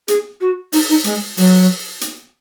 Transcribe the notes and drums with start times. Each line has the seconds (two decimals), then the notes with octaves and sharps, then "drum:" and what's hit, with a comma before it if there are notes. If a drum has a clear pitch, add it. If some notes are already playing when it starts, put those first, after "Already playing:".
0.08 G#4, drum: hi-hat
0.41 F#4
0.72 D#4, drum: open hi-hat
0.89 D#4
1.04 G#3, drum: hi-hat
1.37 F#3, drum: open hi-hat
2.01 drum: hi-hat